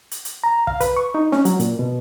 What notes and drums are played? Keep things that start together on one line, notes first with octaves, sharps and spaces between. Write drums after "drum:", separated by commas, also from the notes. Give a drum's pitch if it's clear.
drum: hi-hat
drum: hi-hat
A#5
F5, drum: kick
B4, drum: kick, hi-hat
C#6
D#4
C#4, drum: snare
F#3, drum: hi-hat
A#2, drum: hi-hat
B2